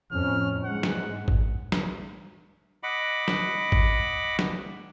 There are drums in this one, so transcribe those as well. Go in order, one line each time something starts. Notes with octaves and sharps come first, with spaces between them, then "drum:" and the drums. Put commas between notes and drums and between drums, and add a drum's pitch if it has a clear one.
F2 A2 C#4 F6
G#2 G#3 F#5
drum: snare
drum: kick G#1
drum: snare
D#5 F#5 B5 D6
drum: snare
drum: kick G#1
drum: snare